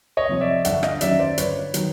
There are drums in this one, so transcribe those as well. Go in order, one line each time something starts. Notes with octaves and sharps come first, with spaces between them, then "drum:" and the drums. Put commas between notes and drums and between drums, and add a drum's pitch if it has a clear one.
C#5 D#5
C3 F3
D5 E5
G1 E5 F#5, drum: hi-hat
D#5 F5, drum: rim click
F#2 D#3 F#3 D5 E5, drum: hi-hat
C5 D5
G1 B4 C#5, drum: hi-hat
D#3 F#3, drum: hi-hat